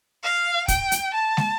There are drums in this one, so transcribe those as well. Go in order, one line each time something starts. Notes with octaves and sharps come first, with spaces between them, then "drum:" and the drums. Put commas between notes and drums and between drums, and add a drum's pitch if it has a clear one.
F5
G5, drum: kick, hi-hat
drum: hi-hat
A5
drum: snare